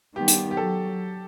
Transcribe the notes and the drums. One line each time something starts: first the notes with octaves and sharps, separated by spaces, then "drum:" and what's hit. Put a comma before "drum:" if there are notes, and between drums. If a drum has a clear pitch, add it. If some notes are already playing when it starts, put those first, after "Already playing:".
D#3 G3 B3 G4
drum: hi-hat
G4
F#3 A4